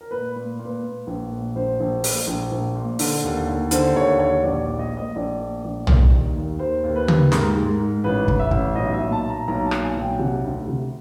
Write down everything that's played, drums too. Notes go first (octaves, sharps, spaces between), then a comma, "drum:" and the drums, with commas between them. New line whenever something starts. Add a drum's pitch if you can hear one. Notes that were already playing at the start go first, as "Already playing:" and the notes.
A#4
A#2 B4
A#2
A#2
B4
A#2
A#1
A#2
A#1 C5
A#1
A#2, drum: open hi-hat
A#1
A#1
A#2
D3, drum: open hi-hat
D#2
D#2
D3 C5, drum: hi-hat
D#2 C#5
D#2 C#5
A#1 D5
D5
A#2
D#5
A#2
D#5
A#1 D5
A#2
A#1
D#2, drum: tom
D#3
D#2
D#2 C5
D#2
B4
D#2, drum: tom C#3
G#2 A#4, drum: snare
G#2
G#2
A1 B4
A1, drum: kick
E5
A1, drum: kick
B1 D#5
E5
A#2
A5
A#2
A#5
B1 A#5
A5
A#2, drum: rim click
G#5
B1
G5
C3 F#5
D2
C3